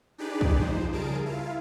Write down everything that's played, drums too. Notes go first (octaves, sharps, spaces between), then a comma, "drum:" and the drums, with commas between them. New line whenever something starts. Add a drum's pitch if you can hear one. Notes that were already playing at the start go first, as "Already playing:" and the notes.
D4 D#4 G4 G#4 B4 D5
drum: kick
F3 D#4 C5
C#3 G3 G#4 A#4 A5 D7
E4 F4 F5